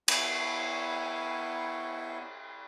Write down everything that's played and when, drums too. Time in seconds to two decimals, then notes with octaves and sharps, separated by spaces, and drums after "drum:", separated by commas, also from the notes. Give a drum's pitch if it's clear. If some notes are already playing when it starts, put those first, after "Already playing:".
0.08 B3 E4 G#5 C#6, drum: cymbal